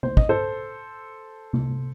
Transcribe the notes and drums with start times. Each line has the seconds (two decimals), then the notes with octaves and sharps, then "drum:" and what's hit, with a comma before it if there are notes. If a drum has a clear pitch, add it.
0.03 C5, drum: tom C#3
0.17 D#5, drum: kick
0.29 A4 C5
1.53 drum: tom C3